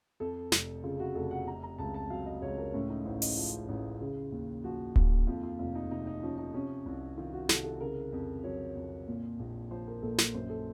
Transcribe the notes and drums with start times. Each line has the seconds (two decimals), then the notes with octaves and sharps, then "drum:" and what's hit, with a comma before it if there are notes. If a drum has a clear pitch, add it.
0.20 F2 A4
0.52 F1, drum: snare
0.83 C#3 F4
1.00 F#4
1.15 F1 A4
1.31 F#5
1.47 C3 A#5
1.63 A#5
1.78 C#2 A5
1.94 A5
2.10 F#3 F5
2.26 D#5
2.42 C#2 C#5
2.58 A#4
2.74 A2 C#4
2.89 D#4
3.05 A1 C5
3.22 D#5, drum: open hi-hat
3.37 F3 F4
3.69 A1
4.00 C#3
4.32 D#2
4.64 F3 F#4
4.96 D#2, drum: kick D1
5.27 F2 F4
5.43 F4
5.59 F1 F4
5.75 D#4
5.91 C3 D#4
6.07 D#4
6.22 F3 C#4
6.38 D#4
6.54 C3 C#4
6.86 C2
7.17 D#3 F4
7.33 F#4
7.49 C2 A4, drum: snare
7.64 A4
7.80 C#3 A#4
8.13 F2
8.44 F#3 C#5
8.76 F2
9.08 A#2
9.39 A#1
9.71 F3 C5
9.87 A#4
10.02 A#1 A4
10.18 A#4, drum: snare
10.34 F#2 C5
10.50 A4